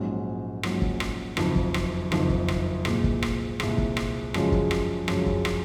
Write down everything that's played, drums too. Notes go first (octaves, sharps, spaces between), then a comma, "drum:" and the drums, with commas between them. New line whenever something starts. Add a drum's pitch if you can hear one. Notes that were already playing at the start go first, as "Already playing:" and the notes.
Already playing: A#1 G#2 F#3 C#4
A#1 G#2 F#3 C#4, drum: rim click
drum: kick
drum: rim click
F#1 F2 D#3, drum: rim click
drum: kick
drum: rim click
F#1 F2 D#3, drum: rim click
drum: kick
drum: rim click
C2 A#2 G#3, drum: rim click
drum: kick
drum: rim click
C2 A#2 G#3, drum: rim click
drum: kick
drum: rim click
F#2 C#3 F3 G#3 C#4, drum: rim click
drum: kick
drum: rim click
F#2 C#3 F3 G#3 C#4, drum: rim click
drum: kick
drum: rim click